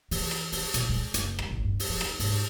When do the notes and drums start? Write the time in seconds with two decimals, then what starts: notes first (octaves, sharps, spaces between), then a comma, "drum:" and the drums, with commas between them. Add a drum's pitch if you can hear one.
0.11 E3, drum: open hi-hat
0.31 drum: rim click
0.52 C4, drum: open hi-hat
0.74 A#2, drum: hi-hat
0.89 G#3
1.14 F#1, drum: hi-hat
1.39 C#2, drum: rim click
1.51 A1
1.64 G2
1.80 drum: open hi-hat
1.89 F3
2.01 D#4, drum: rim click
2.20 G#2, drum: open hi-hat